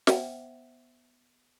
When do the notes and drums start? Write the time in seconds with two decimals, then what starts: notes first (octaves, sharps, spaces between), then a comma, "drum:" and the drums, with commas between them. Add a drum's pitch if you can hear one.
0.07 B3 C5 E5 F#5 G5, drum: snare